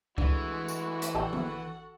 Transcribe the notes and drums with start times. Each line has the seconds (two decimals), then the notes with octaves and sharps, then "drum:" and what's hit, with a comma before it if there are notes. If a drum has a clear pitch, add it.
0.18 E3 G#3 A3 D4 F#4, drum: kick C#2
0.68 drum: tambourine
1.02 drum: hi-hat
1.15 A1 D3 F#4 G4 A4 F#5 G5 A5
1.33 drum: tom E3